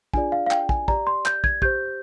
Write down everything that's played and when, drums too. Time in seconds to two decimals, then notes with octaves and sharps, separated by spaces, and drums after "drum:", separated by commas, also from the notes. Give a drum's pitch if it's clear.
0.13 D4 F4 G#4 D5 G#5, drum: kick
0.32 F5
0.46 F5
0.51 G5, drum: clap
0.69 G#5, drum: kick
0.88 G4 D5 A#5, drum: kick
1.07 C6
1.26 G6, drum: clap
1.44 G#6, drum: kick
1.62 G4 C5 G6, drum: kick